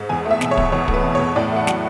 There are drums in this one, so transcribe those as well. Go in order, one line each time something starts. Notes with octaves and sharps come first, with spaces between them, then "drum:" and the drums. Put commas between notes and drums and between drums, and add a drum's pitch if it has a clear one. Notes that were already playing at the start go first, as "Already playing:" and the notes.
Already playing: G#2
E2 G#5
A3
E5
B2, drum: snare
C#5
E2, drum: kick
E2 C#5
A3, drum: kick
B4
B2
C#5
E2
A2 D5
A3 F#5
F#3, drum: snare